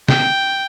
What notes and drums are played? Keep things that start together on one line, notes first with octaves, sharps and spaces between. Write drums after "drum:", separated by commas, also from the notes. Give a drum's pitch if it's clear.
G5, drum: snare